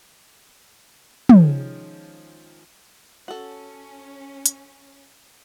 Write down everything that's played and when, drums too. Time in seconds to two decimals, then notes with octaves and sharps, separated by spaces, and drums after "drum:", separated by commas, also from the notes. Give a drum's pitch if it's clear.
1.29 D#3 F3 G#3 C#4, drum: tom
3.28 C#4 F#4 A4
4.46 drum: hi-hat